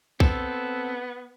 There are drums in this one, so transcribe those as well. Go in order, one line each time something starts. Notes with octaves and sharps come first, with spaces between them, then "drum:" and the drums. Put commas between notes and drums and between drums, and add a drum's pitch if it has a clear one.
B3 C4 A4, drum: kick B1